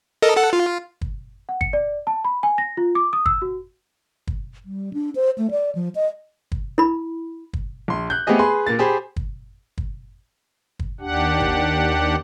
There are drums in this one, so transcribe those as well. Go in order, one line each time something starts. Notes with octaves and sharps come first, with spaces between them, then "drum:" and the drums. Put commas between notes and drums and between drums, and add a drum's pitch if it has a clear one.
A4 A#4 D#5
A4 F#5
F4
drum: kick
F#5
C#7, drum: kick
D5
A5
B5
G#5
A#6
F4
D6
D#6
E6, drum: kick
F#4
drum: kick
G3
D4
C5
A3
D5
F3
D#5
drum: kick
E4 B5
drum: kick
A#1 C6
F#6 G6
A3 B3 C4 G4 G#4 D#5
G#4 B4 C6
A#2 A#3 A6
G4 G#4 C5 B5
drum: kick
drum: kick
drum: kick
D#2 D4 G4 F#5
drum: kick